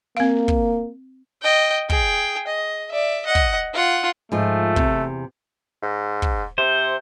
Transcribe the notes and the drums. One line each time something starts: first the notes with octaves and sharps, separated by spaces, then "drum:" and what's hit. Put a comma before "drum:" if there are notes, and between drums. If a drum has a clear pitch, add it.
A#3 C4 F5
drum: kick
D#5 G5
G#4 G5, drum: kick
D#5
D5 E5
D#5 F#5
drum: kick
F4 F#5
G#2 F3 A3
E2 C3, drum: kick
G#2
drum: kick
C3 C5